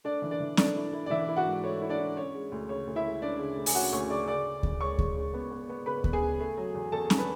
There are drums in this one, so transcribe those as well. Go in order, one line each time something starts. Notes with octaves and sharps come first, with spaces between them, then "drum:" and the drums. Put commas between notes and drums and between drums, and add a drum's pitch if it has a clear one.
A3 D4 D5
E3
D4 D5
E3
A3 D4 D5, drum: snare
E4
E4
D5
E3 E4 E5
E4
F#4 F#5
G#2
A3 C#5
E4
D4 D5
E4
C#4 C#5
G#3
D2
C#3 C#5
D2
E4 E5
G#3
C#4 D4 D5
C#3
D2
G#5, drum: open hi-hat
C#4 F#4 F#5
D2 C#5 C#6
C#3 D5 D6
C#3 D5 D6
C#3
C#3, drum: kick D2
G#3 C#5 C#6
G#3, drum: kick D2
C#3
B3
B3
B3
C#3 B4 B5
B3, drum: kick D2
G#4 G#5
C#3
A3
F#3
E2
E2 A4 A5
D3, drum: snare
B4 B5